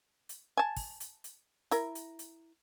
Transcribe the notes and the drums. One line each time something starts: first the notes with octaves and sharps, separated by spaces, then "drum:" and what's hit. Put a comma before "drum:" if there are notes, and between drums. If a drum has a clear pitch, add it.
drum: hi-hat
G#5 A5
drum: kick, open hi-hat
drum: hi-hat
drum: hi-hat
E4 A#4, drum: hi-hat
drum: hi-hat
drum: hi-hat